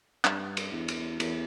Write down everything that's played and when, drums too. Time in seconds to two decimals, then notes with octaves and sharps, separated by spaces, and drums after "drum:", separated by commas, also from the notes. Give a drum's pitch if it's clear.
0.25 G2, drum: clap
0.57 drum: cymbal
0.72 E2
0.88 drum: cymbal
1.20 E2, drum: cymbal